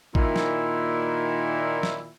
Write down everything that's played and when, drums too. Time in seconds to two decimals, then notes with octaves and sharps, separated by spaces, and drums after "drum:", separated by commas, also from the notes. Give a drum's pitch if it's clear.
0.15 A#2 D#3 E4, drum: kick
0.36 drum: snare
1.83 drum: snare